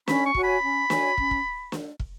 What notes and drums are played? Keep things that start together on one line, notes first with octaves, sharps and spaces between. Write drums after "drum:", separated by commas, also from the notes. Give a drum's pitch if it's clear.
C#4 B5, drum: snare
C#6
F#4 C#5 G#5, drum: kick
B5
C#4
F#4 C#5 G#5, drum: snare
C#4, drum: kick
drum: kick
drum: snare
drum: kick